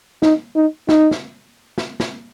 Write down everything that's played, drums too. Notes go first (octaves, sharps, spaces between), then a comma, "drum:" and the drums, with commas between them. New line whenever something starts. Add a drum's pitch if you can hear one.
D#4, drum: snare
D#4
D#4, drum: snare
drum: snare
drum: snare
drum: snare